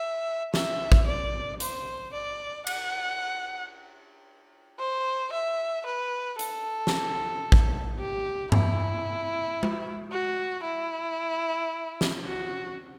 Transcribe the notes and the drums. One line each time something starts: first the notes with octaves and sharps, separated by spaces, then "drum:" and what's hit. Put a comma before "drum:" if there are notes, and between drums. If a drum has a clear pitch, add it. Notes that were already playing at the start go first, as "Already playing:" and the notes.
Already playing: E5
E5, drum: snare
drum: kick
D5
C5, drum: hi-hat
D5
F#5, drum: cymbal
C5
E5
B4
A4, drum: hi-hat
drum: snare
drum: kick
G4
E4, drum: tom G2
drum: tom G#3
F#4
E4
drum: snare
F#4